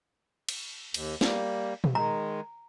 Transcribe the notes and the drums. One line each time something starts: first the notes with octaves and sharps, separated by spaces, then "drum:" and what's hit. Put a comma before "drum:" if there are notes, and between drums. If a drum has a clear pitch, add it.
drum: cymbal
D#2, drum: cymbal
G3 A#3, drum: snare
drum: tom
D#3 G#3 A#5